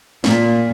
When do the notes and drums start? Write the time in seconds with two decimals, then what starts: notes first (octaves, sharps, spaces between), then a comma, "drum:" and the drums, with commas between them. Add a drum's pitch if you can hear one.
0.24 A#2, drum: snare